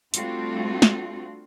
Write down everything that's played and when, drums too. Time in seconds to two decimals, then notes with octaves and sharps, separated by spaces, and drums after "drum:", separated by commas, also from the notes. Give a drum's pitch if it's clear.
0.14 G3 A3 C4 D4 F4 F#4, drum: hi-hat
0.82 drum: snare